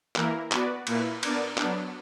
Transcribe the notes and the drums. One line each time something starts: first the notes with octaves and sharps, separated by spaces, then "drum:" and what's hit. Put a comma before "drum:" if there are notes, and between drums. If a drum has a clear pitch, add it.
E3 A#3 E4 A#4, drum: clap
B3 F#4 B4 D5, drum: clap
A#2 A#3 E4 B4, drum: cymbal
B3 D4 A#4 D5, drum: cymbal
F#3 B3 D4, drum: clap